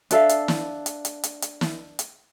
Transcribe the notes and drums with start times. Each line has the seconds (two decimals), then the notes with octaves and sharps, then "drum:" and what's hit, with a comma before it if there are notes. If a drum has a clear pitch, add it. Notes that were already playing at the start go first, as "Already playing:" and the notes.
0.11 D4 A4 E5 F5, drum: hi-hat
0.29 drum: hi-hat
0.48 drum: snare
0.86 drum: hi-hat
1.05 drum: hi-hat
1.23 drum: hi-hat
1.42 drum: hi-hat
1.61 drum: snare
1.99 drum: hi-hat